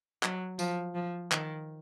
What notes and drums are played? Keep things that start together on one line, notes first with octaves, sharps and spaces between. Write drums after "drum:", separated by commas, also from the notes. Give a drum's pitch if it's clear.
F#3, drum: clap
F3, drum: tambourine
F3
D#3, drum: clap